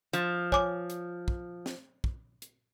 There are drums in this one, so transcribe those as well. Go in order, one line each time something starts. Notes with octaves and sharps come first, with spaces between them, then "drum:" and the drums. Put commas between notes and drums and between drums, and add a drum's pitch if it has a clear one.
F3, drum: hi-hat
C#5 G#5 D6, drum: kick
drum: hi-hat
drum: kick
drum: snare
drum: kick
drum: hi-hat